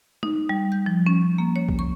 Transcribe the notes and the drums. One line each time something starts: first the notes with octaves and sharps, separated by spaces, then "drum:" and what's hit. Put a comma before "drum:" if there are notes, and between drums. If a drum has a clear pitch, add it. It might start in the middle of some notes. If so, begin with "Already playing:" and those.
D#4, drum: tom
G3
G6
F3
C#4
A#3
C#5
drum: kick
C#6